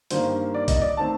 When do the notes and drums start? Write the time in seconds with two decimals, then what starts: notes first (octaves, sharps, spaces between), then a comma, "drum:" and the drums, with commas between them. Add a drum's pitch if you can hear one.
0.10 G2 D#3 G3 A#3 C5, drum: hi-hat
0.54 D5
0.68 D#5, drum: kick A#1, hi-hat
0.81 D5
0.97 D#3 A3 C4 A5